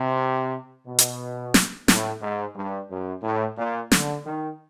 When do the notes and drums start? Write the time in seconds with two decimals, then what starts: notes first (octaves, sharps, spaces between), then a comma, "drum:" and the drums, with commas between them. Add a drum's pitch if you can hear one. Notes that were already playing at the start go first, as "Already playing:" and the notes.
Already playing: C3
0.86 B2
0.99 drum: hi-hat
1.54 drum: snare
1.88 A2, drum: snare
2.21 G#2
2.56 G2
2.90 F#2
3.23 A2
3.57 A#2
3.92 D3, drum: snare
4.25 D#3